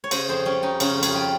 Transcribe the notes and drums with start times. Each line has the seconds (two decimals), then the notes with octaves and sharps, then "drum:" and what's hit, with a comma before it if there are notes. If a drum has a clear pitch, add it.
0.04 C#5
0.11 C#3 C5 D#5, drum: cymbal
0.28 F2 G#4 C5
0.45 G3 C#4
0.62 C#4 D#4
0.80 C#3 C#4 F4, drum: cymbal
0.98 F2
1.03 F4 G#4, drum: cymbal
1.14 G3